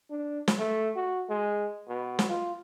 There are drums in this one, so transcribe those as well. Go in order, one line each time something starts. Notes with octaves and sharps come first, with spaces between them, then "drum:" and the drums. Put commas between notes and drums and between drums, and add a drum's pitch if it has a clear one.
D4
drum: snare
A3
F#4
G#3
B2
drum: snare
F4